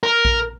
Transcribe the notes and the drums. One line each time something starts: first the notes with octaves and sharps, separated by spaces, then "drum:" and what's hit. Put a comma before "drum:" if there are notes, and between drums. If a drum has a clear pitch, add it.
A#4
drum: kick A#1